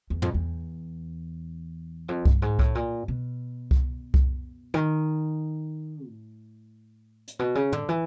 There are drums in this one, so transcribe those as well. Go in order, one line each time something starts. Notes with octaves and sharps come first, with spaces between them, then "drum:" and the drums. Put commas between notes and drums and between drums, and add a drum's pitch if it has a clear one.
E2
F2, drum: tom
E2
F2
G2, drum: kick C2
G#2
A2, drum: kick C2
A#2
B2
drum: kick C2
drum: kick C2
D#3
A2
drum: hi-hat
B2
C#3
D3, drum: tom
E3